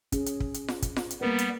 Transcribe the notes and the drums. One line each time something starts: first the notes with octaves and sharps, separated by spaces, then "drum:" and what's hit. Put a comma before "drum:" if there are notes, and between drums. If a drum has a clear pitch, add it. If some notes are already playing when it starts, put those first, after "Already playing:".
C#4 G#4, drum: kick, hi-hat
drum: hi-hat
drum: kick
drum: hi-hat
drum: snare F4
drum: kick, hi-hat
drum: snare F4
drum: hi-hat
G3 A#3 B3 A#4 B4
drum: hi-hat